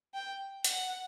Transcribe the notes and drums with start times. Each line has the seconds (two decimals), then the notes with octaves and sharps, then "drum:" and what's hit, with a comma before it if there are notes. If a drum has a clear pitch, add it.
0.14 G5
0.64 F#5, drum: hi-hat